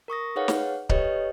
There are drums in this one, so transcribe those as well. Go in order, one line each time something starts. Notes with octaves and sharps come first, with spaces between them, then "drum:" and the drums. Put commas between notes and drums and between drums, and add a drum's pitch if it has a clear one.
A#4 C#6 D#6 A#6
D#4 G#4 B4 C#5 F5 F#5
drum: snare
G4 A4 B4 C#5 D#5, drum: kick C#1